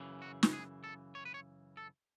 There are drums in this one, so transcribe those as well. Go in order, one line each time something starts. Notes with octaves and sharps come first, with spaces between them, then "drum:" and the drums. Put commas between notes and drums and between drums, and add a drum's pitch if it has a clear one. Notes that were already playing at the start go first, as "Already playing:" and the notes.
Already playing: F#2 C#3 E3
F#4
drum: snare
G#4
A4
C#5
B4
C#5
A4